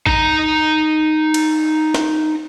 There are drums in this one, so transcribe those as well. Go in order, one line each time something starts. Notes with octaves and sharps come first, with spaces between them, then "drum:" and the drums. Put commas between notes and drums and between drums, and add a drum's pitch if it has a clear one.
D#4 A#5, drum: kick A1
drum: cymbal
drum: snare